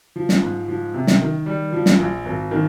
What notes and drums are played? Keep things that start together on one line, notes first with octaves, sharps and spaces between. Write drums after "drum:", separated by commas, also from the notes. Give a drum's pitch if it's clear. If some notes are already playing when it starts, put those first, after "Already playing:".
F3
drum: snare
G#2
F3
C3
drum: snare
D#3
G3
F3
drum: snare
A#1
G#1
D#3